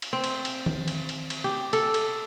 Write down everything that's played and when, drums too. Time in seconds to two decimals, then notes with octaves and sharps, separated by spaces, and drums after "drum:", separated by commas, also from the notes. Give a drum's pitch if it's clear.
0.02 drum: cymbal
0.13 C4
0.24 drum: cymbal
0.45 drum: cymbal
0.66 drum: tom D#3
0.88 drum: cymbal
1.09 drum: cymbal
1.30 drum: cymbal
1.44 G4
1.73 A4, drum: cymbal
1.94 drum: cymbal